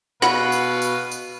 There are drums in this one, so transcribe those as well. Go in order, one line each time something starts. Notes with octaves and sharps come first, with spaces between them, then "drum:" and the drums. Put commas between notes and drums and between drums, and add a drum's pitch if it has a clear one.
B2 B4 F5 F#5 B5, drum: snare
drum: tambourine
drum: tambourine
drum: tambourine